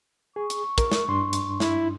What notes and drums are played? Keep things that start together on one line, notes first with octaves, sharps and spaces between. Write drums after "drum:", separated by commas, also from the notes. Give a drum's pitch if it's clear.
G#4 C#6
drum: hi-hat
A#4, drum: kick, hi-hat
drum: snare
G2 D4 C6
drum: hi-hat
E4, drum: snare